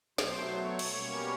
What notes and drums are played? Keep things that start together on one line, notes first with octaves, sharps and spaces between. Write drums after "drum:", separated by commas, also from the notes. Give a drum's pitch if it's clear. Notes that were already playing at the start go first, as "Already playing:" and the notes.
B2 F#3 A3 C5, drum: snare
C#5
drum: cymbal
B2 G3 A#3 C#4